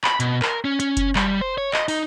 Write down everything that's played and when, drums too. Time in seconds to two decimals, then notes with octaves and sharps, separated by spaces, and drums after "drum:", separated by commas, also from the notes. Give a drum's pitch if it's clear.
0.04 B5, drum: clap
0.20 B2, drum: hi-hat
0.42 A#4, drum: clap
0.65 C#4
0.80 C#4, drum: hi-hat
0.97 drum: kick F#1, hi-hat
1.16 G3, drum: clap
1.41 C5
1.58 C#5
1.74 D#5, drum: clap
1.88 D#4, drum: open hi-hat